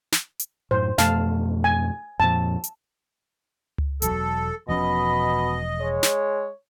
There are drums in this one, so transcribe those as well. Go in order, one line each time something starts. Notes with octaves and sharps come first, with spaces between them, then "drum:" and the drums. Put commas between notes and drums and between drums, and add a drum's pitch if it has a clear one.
drum: snare
drum: hi-hat
F#2 A2 C5
F2 B2 A3 F5 A5, drum: snare
G#5
F2 A#2 F3 A5
drum: hi-hat
drum: tom C#2
E1 F#3 A4, drum: hi-hat
E1 B2 F3 C#4 D#5 B5
G#3 C#5
drum: snare